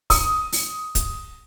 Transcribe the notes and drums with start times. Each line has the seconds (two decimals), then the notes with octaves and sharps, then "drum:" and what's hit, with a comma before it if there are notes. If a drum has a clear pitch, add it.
0.10 D#6, drum: kick, open hi-hat
0.52 drum: open hi-hat
0.95 drum: kick, hi-hat